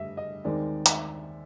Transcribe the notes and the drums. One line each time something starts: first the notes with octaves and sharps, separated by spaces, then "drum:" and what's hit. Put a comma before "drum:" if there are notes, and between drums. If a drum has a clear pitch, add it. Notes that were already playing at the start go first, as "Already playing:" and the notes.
Already playing: G2 D3 G3 D#5 E5
D#5
D#2 D#3 G#3 C4 D#4 D5
E5, drum: hi-hat